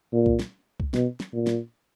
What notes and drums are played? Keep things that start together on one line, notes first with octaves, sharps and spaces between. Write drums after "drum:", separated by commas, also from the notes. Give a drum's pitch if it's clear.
A#2
drum: kick
drum: snare
drum: kick
B2, drum: snare
drum: snare
A#2
drum: snare